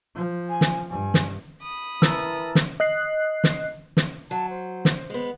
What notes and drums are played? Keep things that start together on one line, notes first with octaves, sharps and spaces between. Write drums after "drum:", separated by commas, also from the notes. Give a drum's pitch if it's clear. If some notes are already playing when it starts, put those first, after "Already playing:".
F3
G#5
drum: snare
G2 G#5
drum: snare
B5 D#6
E3 A#4 A5 E6, drum: snare
drum: snare
D#5 F#6 C7
drum: snare
drum: snare
F#3 A5
C5
drum: snare
G#3 B3